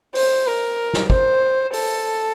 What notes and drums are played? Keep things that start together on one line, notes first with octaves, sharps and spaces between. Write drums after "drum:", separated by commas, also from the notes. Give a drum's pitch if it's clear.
C5, drum: open hi-hat
A#4
drum: snare
C5, drum: kick
A4, drum: open hi-hat